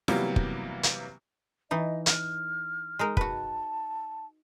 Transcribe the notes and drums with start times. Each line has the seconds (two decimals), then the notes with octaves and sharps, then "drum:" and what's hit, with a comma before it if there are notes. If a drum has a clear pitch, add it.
0.08 C3 E3 F#3 G3 A#3 B3, drum: snare F4
0.36 drum: kick
0.83 drum: hi-hat
1.71 E3 D#4 D#5
2.06 F6, drum: hi-hat
2.99 G#3 D#4 A#4
3.17 F#4 B4 A5, drum: kick